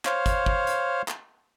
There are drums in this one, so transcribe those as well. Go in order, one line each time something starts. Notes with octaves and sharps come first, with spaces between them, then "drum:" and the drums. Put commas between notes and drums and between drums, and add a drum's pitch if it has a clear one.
C5 C#5 F5, drum: clap
drum: kick, hi-hat
drum: kick
drum: hi-hat
drum: clap